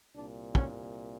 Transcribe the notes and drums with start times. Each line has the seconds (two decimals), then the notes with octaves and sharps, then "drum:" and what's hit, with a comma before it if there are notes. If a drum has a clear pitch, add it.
0.16 C2 A#2 D4
0.55 C#4, drum: kick